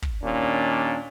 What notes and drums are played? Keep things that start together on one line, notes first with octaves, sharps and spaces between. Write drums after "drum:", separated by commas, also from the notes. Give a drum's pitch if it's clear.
drum: kick
D#2 A#2 C#4 D4